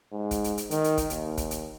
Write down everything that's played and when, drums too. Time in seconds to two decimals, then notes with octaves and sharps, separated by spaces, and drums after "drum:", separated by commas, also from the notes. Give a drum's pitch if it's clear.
0.13 G#2
0.31 drum: kick, hi-hat
0.44 drum: hi-hat
0.58 drum: hi-hat
0.71 D#3, drum: hi-hat
0.84 drum: hi-hat
0.97 drum: kick, hi-hat
1.10 D#2, drum: hi-hat
1.37 drum: kick, hi-hat
1.51 drum: hi-hat